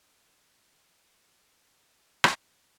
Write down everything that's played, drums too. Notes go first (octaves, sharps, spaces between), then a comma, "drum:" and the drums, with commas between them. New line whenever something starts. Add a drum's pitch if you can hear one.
G2 F4
C3 C#5 D#5 F5 A5
C#3 F4 G#4
drum: rim click